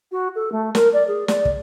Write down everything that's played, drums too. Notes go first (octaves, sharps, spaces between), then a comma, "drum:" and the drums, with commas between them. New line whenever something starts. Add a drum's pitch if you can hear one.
F#4
A4
A3
A#4, drum: snare
D5
G#4
D5, drum: snare
drum: kick